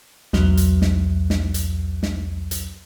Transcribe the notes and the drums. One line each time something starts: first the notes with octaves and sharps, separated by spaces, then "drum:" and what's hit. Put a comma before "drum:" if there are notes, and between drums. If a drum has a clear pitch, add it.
B1 E2 F#3, drum: snare
drum: hi-hat
drum: snare
drum: snare
drum: hi-hat
drum: snare
drum: hi-hat